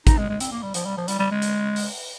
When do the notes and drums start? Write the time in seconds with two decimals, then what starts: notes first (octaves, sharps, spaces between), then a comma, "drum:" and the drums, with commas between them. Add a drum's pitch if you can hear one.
0.07 D#4, drum: kick, hi-hat
0.18 G#3
0.29 G#3
0.40 C4, drum: hi-hat
0.52 A#3
0.63 G3
0.74 F3, drum: hi-hat
0.85 G3
0.97 F3
1.08 G3, drum: hi-hat
1.19 G3
1.31 G#3
1.42 drum: hi-hat
1.76 drum: open hi-hat